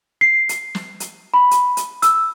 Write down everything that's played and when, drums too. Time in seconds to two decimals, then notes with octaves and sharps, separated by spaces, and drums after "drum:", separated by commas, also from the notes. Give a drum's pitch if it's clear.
0.21 C7
0.49 drum: hi-hat
0.75 drum: snare
1.00 drum: hi-hat
1.34 B5
1.51 drum: hi-hat
1.77 drum: hi-hat
2.02 E6, drum: hi-hat